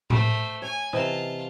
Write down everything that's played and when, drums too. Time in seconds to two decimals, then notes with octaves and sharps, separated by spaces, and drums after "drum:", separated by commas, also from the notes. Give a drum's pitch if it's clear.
0.10 A3 C5, drum: tom A2
0.62 C#5 G#5
0.93 C3 E3 F4 D#5 A5